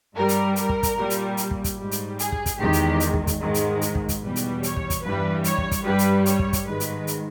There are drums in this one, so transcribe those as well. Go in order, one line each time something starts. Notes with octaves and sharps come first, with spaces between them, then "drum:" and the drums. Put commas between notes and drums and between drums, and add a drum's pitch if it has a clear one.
G2 G3 A#4
drum: hi-hat
A#4, drum: hi-hat
drum: kick
drum: kick, hi-hat
A#2 G3
drum: hi-hat
drum: hi-hat
drum: kick
drum: kick, hi-hat
G#2 G3
drum: hi-hat
G#4, drum: hi-hat
drum: kick
drum: kick, hi-hat
E2 D#3 G#3 G4
drum: hi-hat
drum: hi-hat
drum: kick
drum: kick, hi-hat
G#2 D#3 G#3
drum: hi-hat
drum: hi-hat
drum: kick
drum: kick, hi-hat
E2 B2 G3 B4
drum: hi-hat
C#5, drum: hi-hat
drum: kick
drum: kick, hi-hat
G2 E3 G3 B4
C#5, drum: hi-hat
drum: kick
drum: kick, hi-hat
G2 G3 B4
drum: hi-hat
C#5, drum: hi-hat
drum: kick
drum: kick, hi-hat
G#2 D#3 G#3 B4
drum: hi-hat
drum: hi-hat